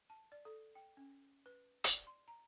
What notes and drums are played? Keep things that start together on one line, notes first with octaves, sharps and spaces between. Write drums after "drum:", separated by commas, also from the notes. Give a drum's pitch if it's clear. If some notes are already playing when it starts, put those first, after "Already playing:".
A5
D5
A4
G5
C#4
B4
D5, drum: hi-hat
C6
A#5